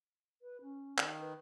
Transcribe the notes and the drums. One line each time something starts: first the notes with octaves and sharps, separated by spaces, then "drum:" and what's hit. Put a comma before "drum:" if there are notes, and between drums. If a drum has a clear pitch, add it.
B4
C#4
D#3, drum: clap
B4